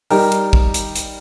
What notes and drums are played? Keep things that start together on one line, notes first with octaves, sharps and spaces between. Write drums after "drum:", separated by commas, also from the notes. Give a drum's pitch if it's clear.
G3 D#4 A#4, drum: open hi-hat
drum: hi-hat
drum: kick
drum: hi-hat
drum: hi-hat